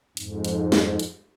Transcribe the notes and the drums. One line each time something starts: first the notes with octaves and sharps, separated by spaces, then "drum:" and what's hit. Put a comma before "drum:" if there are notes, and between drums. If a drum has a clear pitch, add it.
F2 G#2, drum: hi-hat
drum: hi-hat
drum: snare
drum: hi-hat